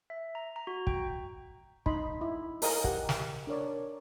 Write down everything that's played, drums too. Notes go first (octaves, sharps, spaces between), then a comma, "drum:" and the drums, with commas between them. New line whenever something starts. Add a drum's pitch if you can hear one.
E5
A#5
A#5
F#4
G5, drum: kick
D#4 D#5 B5 C6, drum: kick
E4
G#4 A#4 D#5 F5 A#5, drum: open hi-hat
G4 F#5, drum: kick
drum: snare
D4 A#4 C#5 D5